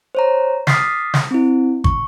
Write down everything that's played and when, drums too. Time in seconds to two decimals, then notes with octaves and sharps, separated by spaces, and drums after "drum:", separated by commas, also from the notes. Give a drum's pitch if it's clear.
0.15 C5 C#5 A#5
0.67 D6 D#6 F6 A6 B6 C7, drum: snare
1.14 drum: snare
1.31 C4 E4
1.84 C#6, drum: kick